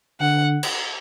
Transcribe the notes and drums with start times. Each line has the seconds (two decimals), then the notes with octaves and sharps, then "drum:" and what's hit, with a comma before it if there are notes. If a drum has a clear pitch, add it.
0.20 D3 F#5
0.63 drum: cymbal